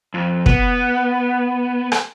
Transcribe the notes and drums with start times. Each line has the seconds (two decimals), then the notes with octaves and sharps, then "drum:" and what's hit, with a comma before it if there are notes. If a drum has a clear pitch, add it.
0.14 F2
0.46 B3, drum: kick
1.92 drum: rim click